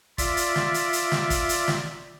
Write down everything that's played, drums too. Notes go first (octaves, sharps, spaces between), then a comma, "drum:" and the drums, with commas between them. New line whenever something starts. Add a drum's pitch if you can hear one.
F4 D5 E5, drum: kick, hi-hat
drum: hi-hat
drum: snare
drum: hi-hat
drum: hi-hat
drum: snare
drum: kick, hi-hat
drum: hi-hat
drum: snare